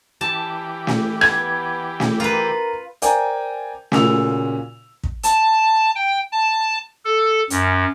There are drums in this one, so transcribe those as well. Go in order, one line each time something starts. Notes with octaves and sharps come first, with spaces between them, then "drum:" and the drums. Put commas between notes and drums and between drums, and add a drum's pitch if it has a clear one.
E3 G4 A5
drum: snare
B3 G#6, drum: rim click
drum: snare
F4 A#4 B4
A#4 C5 D5 G5 G#5 A#5, drum: hi-hat
A#2 C#3 F4 F#4 E6 F7, drum: snare
drum: kick
A5, drum: hi-hat
G5
A5
A4
F#2, drum: hi-hat